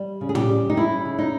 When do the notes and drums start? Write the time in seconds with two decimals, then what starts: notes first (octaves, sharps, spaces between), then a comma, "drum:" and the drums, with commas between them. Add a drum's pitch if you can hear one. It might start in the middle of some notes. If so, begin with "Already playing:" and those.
Already playing: G3
0.21 C#3
0.29 G#4
0.35 G4, drum: tom
0.49 G3
0.70 D#4
0.77 C#3 E4
1.05 C#3
1.19 D#4